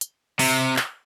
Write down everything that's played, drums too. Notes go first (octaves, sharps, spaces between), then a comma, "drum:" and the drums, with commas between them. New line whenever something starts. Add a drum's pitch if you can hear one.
drum: hi-hat
C3, drum: open hi-hat
drum: clap